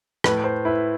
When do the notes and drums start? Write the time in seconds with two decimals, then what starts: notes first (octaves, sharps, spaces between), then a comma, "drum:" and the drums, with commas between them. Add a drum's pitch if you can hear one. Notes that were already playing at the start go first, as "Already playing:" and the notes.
0.24 A2 B4, drum: rim click
0.44 C5
0.65 E4 B4